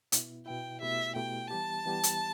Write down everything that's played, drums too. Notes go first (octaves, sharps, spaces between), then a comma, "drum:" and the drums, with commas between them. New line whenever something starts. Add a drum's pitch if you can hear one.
B2 B3 E4, drum: hi-hat
B2 B3 E4 G5
B2 A3 E4 G4 E5
B2 A3 E4 G4 G5
E3 G3 B3 G4 A5
E3 G3 B3 G4
drum: hi-hat